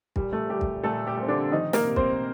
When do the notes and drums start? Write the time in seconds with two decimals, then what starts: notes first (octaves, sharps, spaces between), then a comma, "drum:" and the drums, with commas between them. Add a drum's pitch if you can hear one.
0.16 A#2 G3, drum: kick
0.32 A3
0.50 A#2 G3 G4
0.61 drum: kick
0.83 A#2 A3 A4
1.06 G3 G4
1.17 A#2 C4
1.28 D3 D4
1.51 D#3 F3 D#4
1.73 A#3 A#4, drum: snare
1.85 C3
1.96 C4 C5, drum: kick